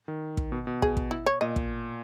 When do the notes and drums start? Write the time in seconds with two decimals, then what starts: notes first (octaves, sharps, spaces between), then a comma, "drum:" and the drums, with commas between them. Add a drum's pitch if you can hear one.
0.08 D#3
0.37 drum: kick
0.52 B2
0.67 B2
0.82 G#4, drum: kick
0.97 drum: kick
1.11 E4
1.26 C#5
1.41 A#2 D#5
1.56 drum: kick